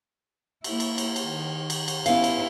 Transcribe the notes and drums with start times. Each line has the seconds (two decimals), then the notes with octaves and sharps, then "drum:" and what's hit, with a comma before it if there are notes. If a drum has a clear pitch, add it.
0.64 A#3 E4, drum: cymbal
0.80 drum: cymbal
0.98 drum: cymbal
1.16 drum: cymbal
1.25 D#3
1.70 drum: cymbal
1.88 drum: cymbal
2.06 B3 C#4 E4 F5, drum: cymbal
2.24 drum: cymbal